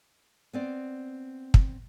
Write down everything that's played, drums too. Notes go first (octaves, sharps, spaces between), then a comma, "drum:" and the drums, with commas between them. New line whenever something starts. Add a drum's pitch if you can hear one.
B3 C4 D5
drum: kick